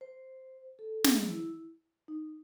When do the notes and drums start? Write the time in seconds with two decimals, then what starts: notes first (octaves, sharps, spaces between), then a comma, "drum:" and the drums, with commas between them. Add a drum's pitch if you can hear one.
0.01 C5
0.79 A4
1.04 G#4, drum: snare
1.31 E4
2.08 D#4